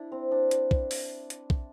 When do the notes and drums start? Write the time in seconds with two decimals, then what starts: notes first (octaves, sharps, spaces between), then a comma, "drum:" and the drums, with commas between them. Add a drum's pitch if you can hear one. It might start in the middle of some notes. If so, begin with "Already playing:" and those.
Already playing: D4 E4
0.12 C4
0.31 D4
0.51 drum: hi-hat
0.71 drum: kick
0.91 drum: open hi-hat
1.30 drum: hi-hat
1.50 drum: kick